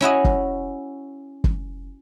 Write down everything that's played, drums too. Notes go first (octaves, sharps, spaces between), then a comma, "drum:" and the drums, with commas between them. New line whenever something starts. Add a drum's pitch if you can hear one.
C#4 E4 F#4 D#5
drum: kick
drum: kick